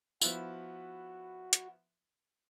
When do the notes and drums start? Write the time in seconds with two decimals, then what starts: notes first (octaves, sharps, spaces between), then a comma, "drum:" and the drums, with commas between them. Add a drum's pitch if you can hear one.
0.21 F3 B3 E4 F#4, drum: tambourine
1.53 drum: hi-hat